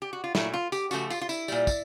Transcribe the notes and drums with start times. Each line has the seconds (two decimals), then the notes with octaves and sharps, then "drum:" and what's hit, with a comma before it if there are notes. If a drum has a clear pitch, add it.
0.02 G4
0.13 F#4
0.24 F4
0.35 A#2 F#3 A3 E4, drum: snare
0.54 F4
0.72 G4, drum: tambourine
0.91 C#3 F3 A3 F#4, drum: tambourine
1.10 F4, drum: tambourine
1.21 F4
1.29 E4, drum: tambourine
1.48 A#2 G3, drum: tambourine
1.67 drum: kick, tambourine